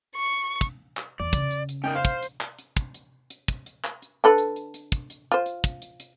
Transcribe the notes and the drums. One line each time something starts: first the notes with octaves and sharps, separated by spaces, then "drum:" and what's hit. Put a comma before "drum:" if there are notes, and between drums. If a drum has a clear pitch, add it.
C#6
drum: kick, hi-hat
drum: clap
E2 D5
C#3, drum: kick, hi-hat
drum: hi-hat
drum: hi-hat
C#4 D#4 A#4 G5
C5 F5
drum: kick, hi-hat
drum: hi-hat
drum: clap
drum: hi-hat
drum: kick, hi-hat
drum: hi-hat
drum: hi-hat
drum: kick, hi-hat
drum: hi-hat
drum: clap
drum: hi-hat
D3 A4 B4
drum: hi-hat
drum: hi-hat
drum: hi-hat
drum: kick, hi-hat
drum: hi-hat
F4 C5
drum: hi-hat
drum: kick, hi-hat
drum: hi-hat
drum: hi-hat